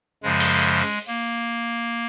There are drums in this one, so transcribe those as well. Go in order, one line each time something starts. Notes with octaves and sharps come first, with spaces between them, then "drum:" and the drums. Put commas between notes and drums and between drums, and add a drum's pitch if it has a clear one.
F#2 C#3 F3 G#3
drum: open hi-hat
A#3